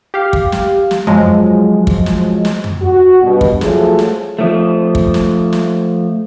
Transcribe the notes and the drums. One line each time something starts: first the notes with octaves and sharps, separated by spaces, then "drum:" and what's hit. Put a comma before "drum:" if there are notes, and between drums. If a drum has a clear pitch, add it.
G4 F5
drum: kick
drum: snare
drum: snare
F3 F#3 G#3, drum: tom F2
drum: kick
drum: snare
drum: snare
drum: tom F2
F#4
G2 B2
drum: kick
F3 F#3 A3 G#4 A4, drum: snare
drum: snare
F3 A3
drum: kick
drum: snare
drum: snare